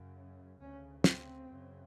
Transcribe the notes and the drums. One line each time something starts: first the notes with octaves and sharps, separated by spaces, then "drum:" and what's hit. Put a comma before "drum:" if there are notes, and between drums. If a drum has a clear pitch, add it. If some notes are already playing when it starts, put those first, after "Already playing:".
Already playing: F#2 C#3
D2 C#3 C#4
C4, drum: snare
F#2 C#3